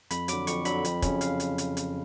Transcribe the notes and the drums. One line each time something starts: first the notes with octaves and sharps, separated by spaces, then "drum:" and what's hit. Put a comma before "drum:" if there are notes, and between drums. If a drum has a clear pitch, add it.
F2 B5, drum: hi-hat
D3 F#3 D6, drum: hi-hat
F2 C#6, drum: hi-hat
D3 F#3 B5, drum: hi-hat
F2, drum: hi-hat
C#3 F#3 C#4, drum: kick, hi-hat
F5, drum: hi-hat
drum: hi-hat
drum: hi-hat
drum: hi-hat